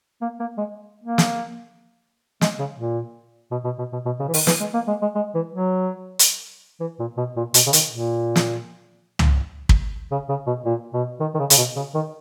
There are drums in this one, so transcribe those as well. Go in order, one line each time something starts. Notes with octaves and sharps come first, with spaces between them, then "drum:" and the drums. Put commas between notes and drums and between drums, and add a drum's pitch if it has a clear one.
A#3
A#3
G#3
A#3
drum: snare
G#3, drum: snare
C#3
A#2
B2
B2
B2
B2
B2
C#3
E3
D#3, drum: open hi-hat
E3, drum: snare
G#3
A#3
G#3
G#3
G#3
E3
F#3
drum: hi-hat
E3
A#2
B2
A#2
B2, drum: hi-hat
C#3
D#3, drum: hi-hat
A#2
drum: snare
drum: tom
drum: kick
C#3
C#3
B2
A#2
B2
D#3
D#3
C#3
C#3, drum: hi-hat
B2
C#3
D#3